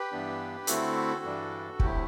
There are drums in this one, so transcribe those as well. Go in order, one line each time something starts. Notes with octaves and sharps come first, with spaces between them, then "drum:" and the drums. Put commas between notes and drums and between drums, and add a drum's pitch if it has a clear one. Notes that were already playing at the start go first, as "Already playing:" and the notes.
Already playing: G4 B4
G2 E3 B3 D4
D3 A3 C4 E4 F#4 A4, drum: hi-hat
G2 E3 G3 D4
D2 C3 F#3 A3 E4 G4, drum: kick